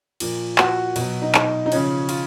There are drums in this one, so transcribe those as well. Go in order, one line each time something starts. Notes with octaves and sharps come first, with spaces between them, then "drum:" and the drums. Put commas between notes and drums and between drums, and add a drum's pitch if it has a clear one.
A#2 F3, drum: cymbal
F#4, drum: clap
B2, drum: cymbal
F#3
D#4
D#4, drum: clap
D#4
C#3 F3 C#4, drum: cymbal
F4, drum: cymbal